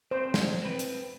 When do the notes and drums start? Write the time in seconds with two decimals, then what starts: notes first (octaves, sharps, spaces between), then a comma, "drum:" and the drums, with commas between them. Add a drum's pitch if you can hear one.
0.11 C4 C5
0.34 drum: snare
0.62 C4 B4
0.79 drum: hi-hat